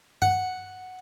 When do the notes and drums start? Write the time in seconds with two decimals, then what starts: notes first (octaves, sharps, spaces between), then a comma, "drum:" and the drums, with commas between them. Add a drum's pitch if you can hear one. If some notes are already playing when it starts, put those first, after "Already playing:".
0.22 F#5, drum: tom G2